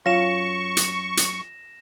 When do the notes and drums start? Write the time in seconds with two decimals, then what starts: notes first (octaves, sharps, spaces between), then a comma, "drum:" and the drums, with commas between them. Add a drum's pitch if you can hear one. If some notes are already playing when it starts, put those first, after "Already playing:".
0.06 F#2 F4 C#5 F5 C#6 A#6 E7
0.77 drum: hi-hat
1.17 drum: hi-hat